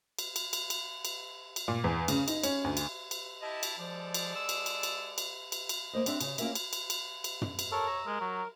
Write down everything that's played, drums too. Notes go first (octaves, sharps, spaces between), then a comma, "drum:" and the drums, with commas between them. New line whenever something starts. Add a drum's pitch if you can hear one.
drum: cymbal
drum: cymbal
drum: cymbal
drum: cymbal
drum: cymbal
drum: cymbal
A#2
E2
C#3, drum: cymbal
D#4, drum: cymbal
C#4, drum: cymbal
D2
drum: cymbal
drum: cymbal
E4 G4 D#5 A5
drum: cymbal
F3 G#3 A4 D5
drum: cymbal
E6
drum: cymbal
drum: cymbal
drum: cymbal
drum: cymbal
drum: cymbal
drum: cymbal
A#3 C5 D#5
C4 D4 D5 E5, drum: cymbal
C#3, drum: cymbal
A#3 C#4 F4 A#4 E5, drum: cymbal
drum: cymbal
drum: cymbal
drum: cymbal
drum: cymbal
drum: tom
drum: cymbal
A4 A#4 C#5
A#5 E6
G#3 A#4
F#3